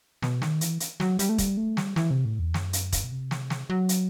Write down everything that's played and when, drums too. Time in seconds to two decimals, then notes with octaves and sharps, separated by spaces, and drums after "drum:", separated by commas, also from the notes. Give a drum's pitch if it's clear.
0.22 B2, drum: snare
0.42 D#3, drum: snare
0.61 E3, drum: hi-hat
0.80 drum: hi-hat
1.00 F#3, drum: snare
1.19 G3, drum: hi-hat
1.29 A3
1.38 G3, drum: kick E1, hi-hat
1.57 A3
1.77 G3, drum: snare
1.96 E3, drum: snare
2.11 C3
2.25 A2
2.39 E2
2.54 F#2, drum: snare
2.73 drum: hi-hat
2.92 drum: kick E1, hi-hat
3.04 B2
3.12 C3
3.31 drum: snare
3.50 drum: snare
3.70 F#3
3.89 drum: hi-hat